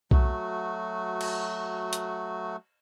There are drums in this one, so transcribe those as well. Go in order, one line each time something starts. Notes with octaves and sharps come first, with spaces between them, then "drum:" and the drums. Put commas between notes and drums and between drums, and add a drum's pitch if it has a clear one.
F#3 A3 F#4, drum: kick B1
drum: cymbal
drum: hi-hat